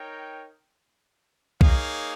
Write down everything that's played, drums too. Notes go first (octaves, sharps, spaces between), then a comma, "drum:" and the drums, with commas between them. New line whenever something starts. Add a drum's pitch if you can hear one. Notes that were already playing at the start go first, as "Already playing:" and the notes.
Already playing: D#4 A#4 C#5 G5
A#3 D#4 G#4 C#5 F5, drum: kick B1